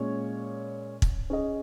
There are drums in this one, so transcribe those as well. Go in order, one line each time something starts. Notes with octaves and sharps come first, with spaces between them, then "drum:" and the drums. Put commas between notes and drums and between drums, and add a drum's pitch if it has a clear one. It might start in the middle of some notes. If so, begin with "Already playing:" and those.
Already playing: A#2 G#3 C#4 C#5
drum: kick
C#4 G#4 D#5